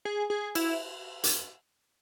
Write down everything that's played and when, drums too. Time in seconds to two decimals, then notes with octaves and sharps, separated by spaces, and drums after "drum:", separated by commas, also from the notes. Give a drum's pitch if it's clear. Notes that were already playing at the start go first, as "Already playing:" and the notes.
0.05 G#4
0.30 G#4
0.55 E4, drum: cymbal
1.24 drum: hi-hat